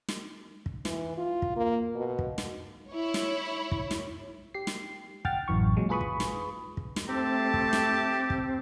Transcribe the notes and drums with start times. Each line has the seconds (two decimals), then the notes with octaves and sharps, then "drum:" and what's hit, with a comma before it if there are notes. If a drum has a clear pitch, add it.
0.08 drum: snare
0.66 drum: kick
0.85 E3, drum: snare
1.17 F4
1.42 drum: kick
1.57 A#3
1.96 B2
2.19 drum: kick
2.38 drum: snare
2.90 E4 C#5
3.14 drum: snare
3.71 drum: kick
3.91 drum: snare
4.54 G4 C7
4.67 drum: snare
5.25 F#5 G5 F6 A6, drum: kick
5.48 A1 F#2 E3 C#6
5.77 A#2 F#3 G#3
5.89 F4 G#4 B4 B5 C#6 D#6
6.01 drum: kick
6.20 drum: snare
6.77 drum: kick
6.96 drum: snare
7.09 A3 C4 G4 A5
7.54 drum: kick
7.73 drum: snare
8.30 drum: kick